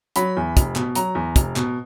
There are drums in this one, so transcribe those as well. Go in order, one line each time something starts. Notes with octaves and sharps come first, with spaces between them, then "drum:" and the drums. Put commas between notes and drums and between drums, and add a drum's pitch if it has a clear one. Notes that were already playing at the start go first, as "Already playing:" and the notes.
F#3 B5, drum: hi-hat
E2
F1, drum: kick, hi-hat
B2, drum: clap
F#3 A#5, drum: hi-hat
E2
F1, drum: kick, hi-hat
B2, drum: clap